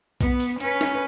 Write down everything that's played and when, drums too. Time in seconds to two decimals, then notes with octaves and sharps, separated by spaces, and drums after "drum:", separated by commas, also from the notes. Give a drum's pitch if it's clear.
0.21 B3, drum: kick B1, hi-hat
0.40 drum: open hi-hat
0.60 C#4 B4, drum: hi-hat
0.81 drum: snare